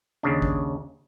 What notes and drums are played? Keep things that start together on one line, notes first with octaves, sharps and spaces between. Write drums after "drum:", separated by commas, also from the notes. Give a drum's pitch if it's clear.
D#2 C#3 D4
drum: kick A1